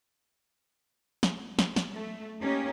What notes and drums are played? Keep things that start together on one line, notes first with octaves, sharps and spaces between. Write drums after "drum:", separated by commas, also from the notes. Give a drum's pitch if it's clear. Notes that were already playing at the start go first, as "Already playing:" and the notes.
drum: snare
drum: snare
drum: snare
A3
A#3 C#4 D#4 G4 A#4